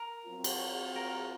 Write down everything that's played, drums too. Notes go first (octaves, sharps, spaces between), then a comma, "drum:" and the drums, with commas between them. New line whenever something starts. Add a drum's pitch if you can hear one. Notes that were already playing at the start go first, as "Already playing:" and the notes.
Already playing: A#4
F#3 C4 F4
drum: cymbal
A#4